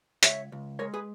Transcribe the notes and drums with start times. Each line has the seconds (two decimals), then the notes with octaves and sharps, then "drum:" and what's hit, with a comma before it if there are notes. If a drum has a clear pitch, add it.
0.23 C#2 C#5 E5, drum: hi-hat
0.52 C#2
0.79 G#3 A#4 C#5
0.94 G#4 B4